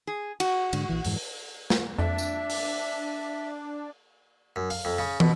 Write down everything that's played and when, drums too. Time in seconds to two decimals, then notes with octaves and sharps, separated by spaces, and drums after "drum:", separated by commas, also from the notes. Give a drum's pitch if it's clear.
0.07 G#4
0.40 F#4, drum: cymbal
0.73 G#2 D3, drum: cymbal
0.89 A#1 E3
1.04 F2 G#2 E3, drum: open hi-hat
1.70 drum: snare
1.99 F2 D4 E5
2.18 drum: tambourine
2.50 drum: open hi-hat
4.56 F#2
4.70 F5, drum: open hi-hat
4.85 F2
4.98 C#3
5.20 B2, drum: tom